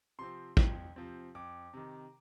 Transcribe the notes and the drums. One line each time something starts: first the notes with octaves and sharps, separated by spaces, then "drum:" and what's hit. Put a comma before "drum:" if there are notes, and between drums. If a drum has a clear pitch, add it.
C3 F3 C4 C6
F2, drum: kick
C3 F3 C4
F2 D6
C3 D#3